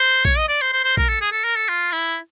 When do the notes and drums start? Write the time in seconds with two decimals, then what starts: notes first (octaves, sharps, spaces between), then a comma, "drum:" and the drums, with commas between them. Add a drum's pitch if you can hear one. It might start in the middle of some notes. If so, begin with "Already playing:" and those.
Already playing: C5
0.25 C#5, drum: kick
0.37 D#5
0.49 D5
0.61 C5
0.73 C5
0.84 C5
0.97 A#4, drum: kick
1.09 A4
1.21 G#4
1.32 A4
1.44 A#4
1.56 A4
1.69 F4
1.92 E4